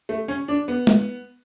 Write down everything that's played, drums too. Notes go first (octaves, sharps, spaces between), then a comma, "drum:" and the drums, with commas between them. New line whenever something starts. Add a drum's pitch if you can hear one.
A3
C#4
D4
B3
drum: tom